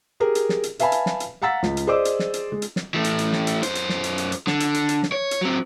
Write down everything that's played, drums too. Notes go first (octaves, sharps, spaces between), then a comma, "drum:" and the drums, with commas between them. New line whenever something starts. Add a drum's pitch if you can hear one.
G4 G#4 A#4
drum: hi-hat
drum: snare
drum: hi-hat
B4 E5 F5 G#5 A5 B5, drum: hi-hat
drum: hi-hat
drum: snare
drum: hi-hat
F5 F#5 A#5 E6 A6 B6
C#2, drum: snare
drum: hi-hat
G#4 C5 D5 D#5 D6 E6
drum: hi-hat
drum: snare
drum: hi-hat
G#3
drum: hi-hat
drum: snare
E3 A3
drum: hi-hat
drum: hi-hat
drum: snare
drum: hi-hat
F#2 C5, drum: hi-hat
drum: hi-hat
drum: snare
drum: hi-hat
drum: hi-hat
drum: hi-hat
D3, drum: snare
drum: hi-hat
drum: hi-hat
drum: hi-hat
drum: snare
C#5
drum: hi-hat
F#3 C4